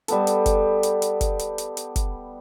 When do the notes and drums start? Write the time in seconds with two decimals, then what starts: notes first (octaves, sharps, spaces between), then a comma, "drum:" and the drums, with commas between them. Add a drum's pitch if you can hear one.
0.08 G3 B3 A4, drum: hi-hat
0.27 drum: hi-hat
0.46 drum: kick, hi-hat
0.83 drum: hi-hat
1.02 drum: hi-hat
1.21 drum: kick, hi-hat
1.39 drum: hi-hat
1.58 drum: hi-hat
1.77 drum: hi-hat
1.96 drum: kick, hi-hat